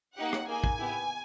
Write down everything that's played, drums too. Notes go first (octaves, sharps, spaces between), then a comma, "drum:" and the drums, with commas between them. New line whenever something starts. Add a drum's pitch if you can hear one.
A#3 D#4 G4 F#5
drum: rim click
A#3 D#4 G#4 G#5
drum: kick
B3 E4 G4